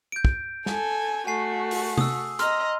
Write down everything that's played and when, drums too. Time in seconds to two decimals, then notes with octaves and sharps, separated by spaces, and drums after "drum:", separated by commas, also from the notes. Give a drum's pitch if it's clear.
0.12 G6 D7
0.25 drum: kick
0.66 A4 G#5, drum: snare
1.27 A3 F#4 G#5 C7
1.71 drum: open hi-hat
1.98 D#6 E6, drum: tom C3
2.39 D#5 A#5 C6 F6, drum: hi-hat